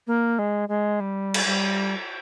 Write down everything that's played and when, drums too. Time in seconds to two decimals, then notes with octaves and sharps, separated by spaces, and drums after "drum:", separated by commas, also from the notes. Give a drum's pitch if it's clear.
0.07 A#3
0.39 G#3
0.69 G#3
1.00 G3
1.34 drum: cymbal
1.46 G3